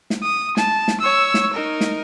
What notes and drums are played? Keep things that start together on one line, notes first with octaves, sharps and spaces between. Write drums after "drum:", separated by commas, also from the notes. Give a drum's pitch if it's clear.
drum: snare
D#6
A5, drum: snare
drum: snare
C#5 E6
drum: snare
D#4 A#4
drum: snare